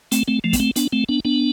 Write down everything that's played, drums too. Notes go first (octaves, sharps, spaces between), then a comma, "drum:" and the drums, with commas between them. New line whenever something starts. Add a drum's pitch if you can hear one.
A3 C4, drum: hi-hat
A3 C4
F3 A3
B3, drum: kick, hi-hat
A3 C4
B3 D4, drum: hi-hat
A3 C4
B3 D4
B3 D4